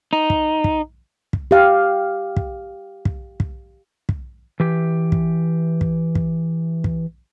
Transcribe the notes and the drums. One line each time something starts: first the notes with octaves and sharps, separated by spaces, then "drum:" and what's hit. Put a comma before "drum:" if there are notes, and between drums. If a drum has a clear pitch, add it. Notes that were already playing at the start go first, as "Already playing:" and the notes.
D#4
drum: kick
drum: kick
drum: kick
G4 F5
drum: kick
drum: kick
drum: kick
drum: kick
E3 G4
drum: kick
drum: kick
drum: kick
drum: kick